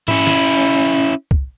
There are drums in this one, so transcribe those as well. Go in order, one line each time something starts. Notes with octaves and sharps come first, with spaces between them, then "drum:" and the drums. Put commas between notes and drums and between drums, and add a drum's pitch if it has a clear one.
C#4 E4, drum: tom G#2
drum: snare
drum: kick